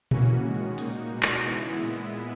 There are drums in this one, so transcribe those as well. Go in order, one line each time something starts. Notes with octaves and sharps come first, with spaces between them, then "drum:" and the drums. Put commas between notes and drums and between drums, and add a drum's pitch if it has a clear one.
C#3 E3 A#3 C#4 F#4, drum: tom A#2
D#3 G#3 C#4 F#4
A#2 A#3 D#4 F#4, drum: hi-hat
B2 G#3 D#4 F#4
drum: clap
C#3 E3 G#3 B3 E4
A#2 G#3 B3 E4